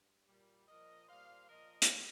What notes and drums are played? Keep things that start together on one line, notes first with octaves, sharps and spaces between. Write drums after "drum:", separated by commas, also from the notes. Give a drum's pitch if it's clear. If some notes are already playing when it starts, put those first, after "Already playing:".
Already playing: G2
A#2 G3
A#2 F3 A#4 D#5
A#2 G3 C5 F5
A#2 F3 A#4 D#5
drum: hi-hat